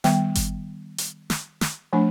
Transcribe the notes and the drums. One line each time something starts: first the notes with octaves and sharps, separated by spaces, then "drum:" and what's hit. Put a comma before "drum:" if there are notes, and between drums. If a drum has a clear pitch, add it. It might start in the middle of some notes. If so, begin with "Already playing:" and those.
D#3 G3 B3 G5, drum: snare
drum: kick G1, hi-hat
drum: hi-hat
drum: snare
drum: snare
F3 A3 D4 G#5